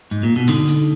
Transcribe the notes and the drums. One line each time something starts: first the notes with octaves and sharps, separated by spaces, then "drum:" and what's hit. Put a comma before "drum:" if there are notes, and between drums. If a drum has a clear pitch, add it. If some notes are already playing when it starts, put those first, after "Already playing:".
G#2
A#2
B2
D3 D#4, drum: snare
drum: hi-hat